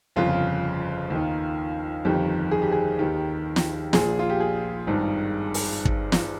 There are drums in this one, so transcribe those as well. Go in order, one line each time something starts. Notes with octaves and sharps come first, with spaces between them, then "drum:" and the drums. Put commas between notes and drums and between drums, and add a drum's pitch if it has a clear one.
G1 F2 C#3 F4
D#2 D#3
G1 F2 D#3 G4
G#4
G4
G#4
D#2 D#3 G4
drum: snare
A#1 A#2 G#4, drum: snare
F4
G4
G#4
G#1 G2 D#3
drum: open hi-hat
drum: kick
drum: snare